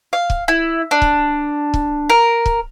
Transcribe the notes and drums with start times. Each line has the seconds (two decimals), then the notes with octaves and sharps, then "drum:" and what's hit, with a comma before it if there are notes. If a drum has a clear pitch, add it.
0.13 F5
0.30 drum: kick
0.48 E4
0.91 D4
1.02 drum: kick
1.74 drum: kick
2.10 A#4
2.46 drum: kick